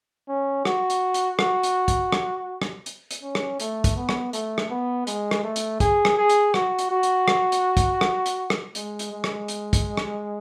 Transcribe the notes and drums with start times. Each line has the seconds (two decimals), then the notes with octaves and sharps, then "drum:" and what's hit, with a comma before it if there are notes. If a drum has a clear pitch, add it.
0.29 C#4
0.65 F#4, drum: rim click
0.90 drum: hi-hat
1.14 drum: hi-hat
1.39 F#4, drum: rim click
1.63 drum: hi-hat
1.88 drum: kick, hi-hat
2.12 drum: rim click
2.62 drum: rim click
2.86 drum: hi-hat
3.11 drum: hi-hat
3.22 C#4
3.35 drum: rim click
3.60 A3, drum: hi-hat
3.84 drum: kick, hi-hat
3.97 B3
4.09 drum: rim click
4.33 A3, drum: hi-hat
4.58 drum: rim click
4.70 B3
5.07 G#3, drum: hi-hat
5.31 drum: rim click
5.44 A3
5.56 drum: hi-hat
5.80 G#4, drum: kick, hi-hat
6.05 drum: rim click
6.18 G#4
6.29 drum: hi-hat
6.54 F#4, drum: rim click
6.79 drum: hi-hat
6.91 F#4
7.03 drum: hi-hat
7.28 drum: rim click
7.52 drum: hi-hat
7.77 drum: kick, hi-hat
8.01 drum: rim click
8.26 drum: hi-hat
8.50 drum: rim click
8.75 G#3, drum: hi-hat
8.99 drum: hi-hat
9.12 G#3
9.24 drum: rim click
9.48 drum: hi-hat
9.73 drum: kick, hi-hat
9.97 drum: rim click